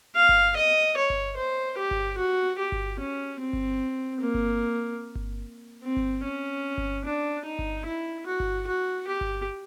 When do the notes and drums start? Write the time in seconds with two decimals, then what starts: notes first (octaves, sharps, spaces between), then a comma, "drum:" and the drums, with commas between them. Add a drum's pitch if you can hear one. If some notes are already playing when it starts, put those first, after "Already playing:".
0.15 F5
0.29 drum: kick G1
0.56 D#5
0.97 C#5
1.10 drum: kick G1
1.37 C5
1.78 G4
1.91 drum: kick G1
2.18 F#4
2.58 G4
2.72 drum: kick G1
2.99 C#4
3.40 C4
3.53 drum: kick G1
4.21 A#3
4.34 drum: kick G1
5.15 drum: kick G1
5.83 C4
5.97 drum: kick G1
6.23 C#4
6.78 drum: kick G1
7.05 D4
7.45 D#4
7.59 drum: kick G1
7.85 E4
8.26 F#4
8.40 drum: kick G1
8.67 F#4
9.07 G4
9.21 drum: kick G1